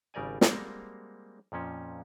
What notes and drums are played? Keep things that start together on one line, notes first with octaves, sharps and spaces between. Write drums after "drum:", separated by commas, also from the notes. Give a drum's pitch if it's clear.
G#1 C#3 G3 A#4 D5 G#5
G3 G#3 A#3 C4 F#4 A#4, drum: snare
F2 A#2 F3 C#4